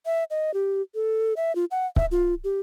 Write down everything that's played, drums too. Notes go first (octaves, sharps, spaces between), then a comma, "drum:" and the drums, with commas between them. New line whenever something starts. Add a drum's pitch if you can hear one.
E5
D#5
G4
A4
E5
F4
F#5
E5, drum: kick C#1
F4
G4